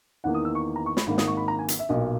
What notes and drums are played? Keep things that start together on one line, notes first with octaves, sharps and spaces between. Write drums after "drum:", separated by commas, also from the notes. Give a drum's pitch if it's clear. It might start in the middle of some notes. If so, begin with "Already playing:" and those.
E2 D#3 A#3 F#5
D#6
E6
C#6
A#5
C#6
B5, drum: snare
G#1 G#2 D#3 A#3 B5
D#6, drum: snare
C#6
B5
A#5
G#5
drum: hi-hat
E5
B1 A#2 A#3 D#5